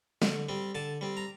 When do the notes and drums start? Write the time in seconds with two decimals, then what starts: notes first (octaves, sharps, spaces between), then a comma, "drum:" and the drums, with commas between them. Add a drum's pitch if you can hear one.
0.22 D3, drum: snare
0.49 G3 C4
0.75 D3 A5
1.01 G3 C4
1.17 A#5